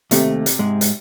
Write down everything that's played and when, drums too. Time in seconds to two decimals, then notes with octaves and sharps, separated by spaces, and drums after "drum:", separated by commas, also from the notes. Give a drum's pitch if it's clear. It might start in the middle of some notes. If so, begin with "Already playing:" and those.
0.11 D#2 C3 A3, drum: hi-hat
0.46 drum: hi-hat
0.59 G#2 G#3
0.81 drum: hi-hat